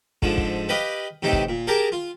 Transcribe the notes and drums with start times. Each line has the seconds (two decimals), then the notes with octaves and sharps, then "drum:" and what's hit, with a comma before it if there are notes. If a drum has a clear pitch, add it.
0.22 G#2 D3 F3, drum: kick
0.38 drum: kick
0.69 G4 B4 D#5 F5
1.23 A2 C3 E3 D#4 G4
1.33 drum: kick
1.49 A#2
1.67 G4 G#4 A#4 A5 A#5
1.92 F4